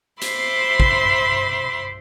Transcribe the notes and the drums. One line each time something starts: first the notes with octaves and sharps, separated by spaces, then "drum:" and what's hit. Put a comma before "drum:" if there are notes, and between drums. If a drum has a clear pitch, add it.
C5 E5 B5 C6 D6, drum: hi-hat
drum: kick